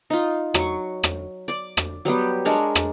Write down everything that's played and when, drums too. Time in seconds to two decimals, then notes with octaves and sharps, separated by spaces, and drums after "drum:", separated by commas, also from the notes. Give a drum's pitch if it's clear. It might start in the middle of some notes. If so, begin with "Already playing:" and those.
0.10 D#4 F4
0.54 F#3 C#6, drum: rim click
1.03 drum: rim click
1.48 D5 D6
1.77 drum: rim click
2.05 F#3 G3 B3 G4
2.45 G#3 D4 A#4 C#5
2.75 drum: rim click